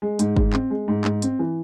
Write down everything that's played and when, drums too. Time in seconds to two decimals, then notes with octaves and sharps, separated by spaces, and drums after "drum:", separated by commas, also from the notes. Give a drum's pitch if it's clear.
0.02 G#3
0.19 G#2, drum: hi-hat
0.36 G#2, drum: kick
0.53 C4, drum: clap
0.70 G#3
0.88 G#2
1.05 G#2, drum: clap
1.22 C4, drum: hi-hat
1.39 E3